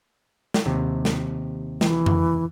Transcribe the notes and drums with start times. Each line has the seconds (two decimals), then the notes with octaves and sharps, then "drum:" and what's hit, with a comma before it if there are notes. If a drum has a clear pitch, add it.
0.54 drum: snare
0.66 D#2 C3
1.05 drum: snare
1.81 E3, drum: snare
2.06 drum: tom F2